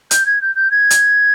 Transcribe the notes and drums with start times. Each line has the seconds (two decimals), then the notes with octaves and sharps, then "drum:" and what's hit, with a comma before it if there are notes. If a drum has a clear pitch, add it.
0.11 G6, drum: hi-hat
0.26 G#6
0.41 G6
0.55 G6
0.71 G#6
0.90 drum: hi-hat